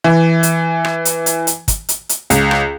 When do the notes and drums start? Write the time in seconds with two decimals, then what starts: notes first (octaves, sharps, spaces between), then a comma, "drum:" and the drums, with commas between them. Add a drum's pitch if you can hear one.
0.04 E3
0.43 drum: hi-hat
0.85 drum: rim click
1.05 drum: hi-hat
1.26 drum: hi-hat
1.47 drum: hi-hat
1.68 drum: kick, hi-hat
1.89 drum: hi-hat
2.09 drum: hi-hat
2.30 C#2, drum: hi-hat
2.51 drum: rim click